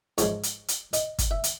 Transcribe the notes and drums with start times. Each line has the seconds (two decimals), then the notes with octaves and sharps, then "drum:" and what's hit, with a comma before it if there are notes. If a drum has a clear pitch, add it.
0.18 G#2 F3 G#3 C#5, drum: hi-hat
0.43 drum: hi-hat
0.68 drum: hi-hat
0.93 D#5, drum: hi-hat
1.19 drum: kick, hi-hat
1.31 E5
1.44 drum: hi-hat